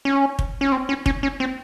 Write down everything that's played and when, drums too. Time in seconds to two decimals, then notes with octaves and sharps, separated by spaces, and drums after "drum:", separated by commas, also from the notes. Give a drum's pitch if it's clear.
0.05 C#4
0.39 drum: kick
0.61 C#4
0.72 C4
0.89 C#4
1.06 C#4, drum: kick
1.23 C#4
1.40 C4